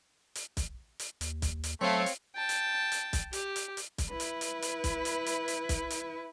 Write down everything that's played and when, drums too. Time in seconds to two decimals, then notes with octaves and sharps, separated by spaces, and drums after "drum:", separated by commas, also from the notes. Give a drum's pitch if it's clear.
0.35 drum: hi-hat
0.57 drum: kick B1, hi-hat
0.99 drum: hi-hat
1.21 D#2, drum: hi-hat
1.42 drum: kick B1, hi-hat
1.64 drum: hi-hat
1.81 F#3 A3 C4 C#5 F5
2.06 drum: hi-hat
2.36 G5 A5
2.49 drum: hi-hat
2.92 drum: hi-hat
3.13 drum: kick B1, hi-hat
3.33 G4, drum: hi-hat
3.56 drum: hi-hat
3.77 drum: hi-hat
3.98 drum: kick B1, hi-hat
4.10 E4 B4
4.20 drum: hi-hat
4.41 drum: hi-hat
4.62 drum: hi-hat
4.84 drum: kick B1, hi-hat
5.05 drum: hi-hat
5.26 drum: hi-hat
5.48 drum: hi-hat
5.69 drum: kick B1, hi-hat
5.90 drum: hi-hat